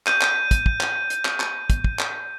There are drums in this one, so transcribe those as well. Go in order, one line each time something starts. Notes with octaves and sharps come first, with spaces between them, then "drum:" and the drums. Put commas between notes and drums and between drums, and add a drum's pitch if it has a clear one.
G6 D#7, drum: clap
drum: clap
drum: kick, hi-hat
drum: kick
drum: clap
drum: hi-hat
drum: clap
drum: clap
drum: kick, hi-hat
drum: kick
drum: clap